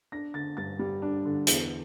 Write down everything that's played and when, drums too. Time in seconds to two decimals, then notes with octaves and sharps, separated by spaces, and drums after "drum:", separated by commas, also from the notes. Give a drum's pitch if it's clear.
0.12 D4 A#6
0.34 D3 A6
0.57 G2 A6
0.79 G3
1.02 D4
1.25 D3
1.47 E2, drum: hi-hat